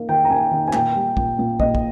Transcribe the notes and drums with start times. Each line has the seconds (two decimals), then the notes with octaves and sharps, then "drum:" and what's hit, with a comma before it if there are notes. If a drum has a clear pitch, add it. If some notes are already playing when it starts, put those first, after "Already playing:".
Already playing: A#3 D#4
0.09 D#3 G5
0.25 A#5
0.30 A#3 G#5
0.51 D#3
0.68 G#5
0.73 A#2 G5, drum: clap
0.95 G3
1.17 A#2, drum: kick
1.39 A#2
1.60 A#2 D#5, drum: kick
1.75 drum: kick